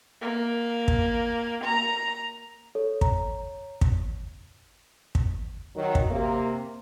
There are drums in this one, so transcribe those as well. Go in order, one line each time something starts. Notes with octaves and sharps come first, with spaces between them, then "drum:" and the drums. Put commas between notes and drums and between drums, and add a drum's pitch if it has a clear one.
A#3
drum: kick
A#5
A4 C#5
A#5, drum: kick
drum: kick
drum: kick
D#3 F#3
drum: kick
C3 A#3